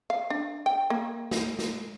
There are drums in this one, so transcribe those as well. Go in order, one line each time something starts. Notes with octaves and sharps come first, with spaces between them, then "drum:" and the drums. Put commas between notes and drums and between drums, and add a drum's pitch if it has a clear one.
F5
D4
G5
A#3
drum: snare
drum: snare